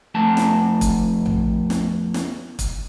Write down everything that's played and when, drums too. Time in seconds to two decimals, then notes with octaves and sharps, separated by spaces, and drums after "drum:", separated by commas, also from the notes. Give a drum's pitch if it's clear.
0.15 F2 A3 A5
0.37 drum: snare
0.81 drum: kick, hi-hat
1.26 drum: tom A#1
1.70 drum: snare
2.14 drum: snare
2.59 drum: kick, hi-hat